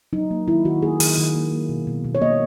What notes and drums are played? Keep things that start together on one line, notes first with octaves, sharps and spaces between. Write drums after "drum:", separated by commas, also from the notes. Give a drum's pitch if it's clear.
F#3 D#4
A#3
D#3 E4
D#3 F#4
A#3 G#4
D#3, drum: open hi-hat
D#3
A#3
A#3
B2
B2
B2
C#5
A#3 D#5